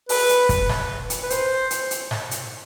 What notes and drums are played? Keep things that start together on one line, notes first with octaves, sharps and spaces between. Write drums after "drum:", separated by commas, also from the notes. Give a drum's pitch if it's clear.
B4, drum: open hi-hat
drum: hi-hat
drum: kick, hi-hat
drum: snare G#2
drum: hi-hat
B4
C5, drum: hi-hat
drum: hi-hat
drum: hi-hat
drum: snare G#2
drum: hi-hat